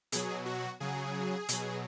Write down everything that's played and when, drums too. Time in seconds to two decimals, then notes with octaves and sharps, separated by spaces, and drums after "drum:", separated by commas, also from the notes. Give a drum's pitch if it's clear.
0.12 B2 F#3 G#4, drum: hi-hat
0.46 F#4
0.80 C#3 F#3 G#4
1.49 B2 F#3, drum: hi-hat